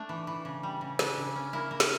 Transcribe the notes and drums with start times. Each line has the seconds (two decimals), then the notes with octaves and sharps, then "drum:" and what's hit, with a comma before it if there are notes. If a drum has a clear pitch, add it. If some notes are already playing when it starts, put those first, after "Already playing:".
Already playing: A3 D4
0.09 E3
0.27 E3
0.45 C#3
0.63 G3
0.81 C#3
0.99 C#3 D4, drum: snare
1.17 C#3
1.35 C#4
1.53 A#3 E4
1.71 A#3
1.80 drum: snare